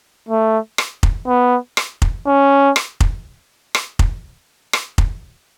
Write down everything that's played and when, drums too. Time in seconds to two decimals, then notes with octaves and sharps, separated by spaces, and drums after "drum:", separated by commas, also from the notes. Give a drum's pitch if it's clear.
0.29 A3
0.78 drum: rim click
1.03 drum: kick F1
1.28 B3
1.77 drum: rim click
2.02 drum: kick F1
2.26 C#4
2.76 drum: rim click
3.00 drum: kick F1
3.75 drum: rim click
3.99 drum: kick F1
4.73 drum: rim click
4.98 drum: kick F1